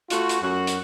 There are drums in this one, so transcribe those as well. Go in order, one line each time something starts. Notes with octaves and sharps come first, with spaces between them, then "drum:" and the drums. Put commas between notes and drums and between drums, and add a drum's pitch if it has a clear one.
A3 F4 F#4, drum: hi-hat
drum: hi-hat
F#2 F#4
drum: hi-hat